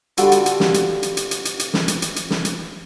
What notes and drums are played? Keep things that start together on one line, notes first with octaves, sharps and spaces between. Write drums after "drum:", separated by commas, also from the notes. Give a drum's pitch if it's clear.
D3 G3 D4 F4 F#4 A4, drum: hi-hat
drum: hi-hat
drum: hi-hat
drum: snare
drum: hi-hat
drum: hi-hat
drum: hi-hat
drum: hi-hat
drum: hi-hat
drum: hi-hat
drum: snare
drum: hi-hat
drum: hi-hat
drum: hi-hat
drum: snare
drum: hi-hat